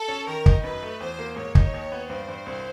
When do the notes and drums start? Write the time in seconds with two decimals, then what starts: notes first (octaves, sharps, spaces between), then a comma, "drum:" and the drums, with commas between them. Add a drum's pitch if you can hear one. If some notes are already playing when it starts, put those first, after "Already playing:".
Already playing: A4
0.08 C#4
0.27 D#3 A#4
0.46 D#4, drum: kick
0.63 F#2 B4
0.82 A3
1.00 E2 C5
1.19 A#3
1.36 G#2 C#5
1.55 D#4, drum: kick
1.74 D#2
1.92 B3
2.09 G2 C5
2.28 G2
2.46 C2